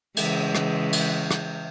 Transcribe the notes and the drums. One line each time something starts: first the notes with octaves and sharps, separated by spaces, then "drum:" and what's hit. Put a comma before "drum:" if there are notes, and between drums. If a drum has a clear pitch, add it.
C#3 E3 G#3, drum: cymbal
drum: rim click
drum: cymbal
drum: rim click